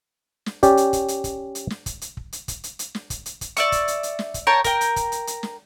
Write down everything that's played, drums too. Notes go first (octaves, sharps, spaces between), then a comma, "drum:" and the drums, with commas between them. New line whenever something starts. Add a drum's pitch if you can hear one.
drum: snare
C#4 G4 D5, drum: kick, hi-hat
drum: hi-hat
drum: kick, hi-hat
drum: hi-hat
drum: kick, hi-hat
drum: hi-hat
drum: snare
drum: kick, hi-hat
drum: hi-hat
drum: kick
drum: hi-hat
drum: kick, hi-hat
drum: hi-hat
drum: hi-hat
drum: snare
drum: kick, hi-hat
drum: hi-hat
drum: kick, hi-hat
D5 E5 C#6, drum: hi-hat
drum: kick, hi-hat
drum: hi-hat
drum: hi-hat
drum: snare
drum: kick, hi-hat
A#4 C#5 G5 A5
A#4 G5, drum: kick, hi-hat
drum: hi-hat
drum: kick, hi-hat
drum: hi-hat
drum: hi-hat
drum: snare